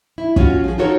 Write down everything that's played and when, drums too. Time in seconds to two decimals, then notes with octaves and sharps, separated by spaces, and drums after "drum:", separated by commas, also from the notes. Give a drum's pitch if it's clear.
0.18 E4
0.36 C#4 F4 F#4, drum: kick
0.64 F3 G#4
0.78 D#4 F4 F#4 A4 A#4 C#5